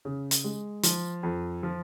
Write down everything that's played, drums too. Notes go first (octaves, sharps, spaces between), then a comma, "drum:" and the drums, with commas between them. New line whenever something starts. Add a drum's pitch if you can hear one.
C#3
drum: hi-hat
G#3
F3, drum: hi-hat
F2
F3